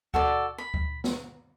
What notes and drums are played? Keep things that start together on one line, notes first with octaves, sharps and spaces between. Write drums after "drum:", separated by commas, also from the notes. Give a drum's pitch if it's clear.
F#4 A4 D5, drum: kick D2
B5
drum: kick D2
drum: snare